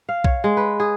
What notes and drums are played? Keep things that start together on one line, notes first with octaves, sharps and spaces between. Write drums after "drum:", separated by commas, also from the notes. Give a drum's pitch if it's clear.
F5
C#5, drum: kick B1
G#3
B4
G#4